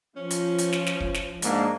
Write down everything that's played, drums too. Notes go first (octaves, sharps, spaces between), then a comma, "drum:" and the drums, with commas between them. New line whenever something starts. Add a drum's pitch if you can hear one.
F3 C#4
drum: hi-hat
drum: hi-hat
drum: snare
drum: snare
drum: kick
drum: snare
G#2 A#3 D4, drum: hi-hat